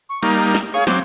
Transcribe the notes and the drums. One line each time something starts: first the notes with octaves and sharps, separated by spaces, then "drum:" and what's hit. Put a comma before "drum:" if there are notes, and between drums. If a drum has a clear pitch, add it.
C#6
G3 A#3 D#4 A#5, drum: cymbal
drum: snare
G#4 C#5 F5
F#3 C4 D6, drum: snare